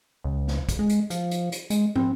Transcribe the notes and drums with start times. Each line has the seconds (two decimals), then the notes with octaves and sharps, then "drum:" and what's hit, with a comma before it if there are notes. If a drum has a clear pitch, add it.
0.24 C#2
0.48 drum: snare
0.69 drum: kick, hi-hat
0.79 G#3
0.89 drum: hi-hat
1.10 F3, drum: hi-hat
1.31 drum: hi-hat
1.52 drum: hi-hat
1.70 G#3, drum: hi-hat
1.96 C4, drum: tom